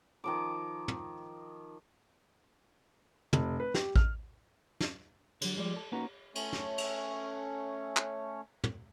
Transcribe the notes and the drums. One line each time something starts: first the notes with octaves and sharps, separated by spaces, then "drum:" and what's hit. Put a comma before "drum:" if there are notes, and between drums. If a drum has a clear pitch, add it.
D#3 F3 D6
drum: tom
F1, drum: tom
B4
G4, drum: snare
F6, drum: kick A1
drum: snare
D3 F#3, drum: cymbal
F3 G3 G#3 D5
A4
A#3 C#4 D#4 F#4 B4 A#5
A3 C#4 C#5, drum: cymbal
drum: snare
drum: cymbal
drum: clap
drum: tom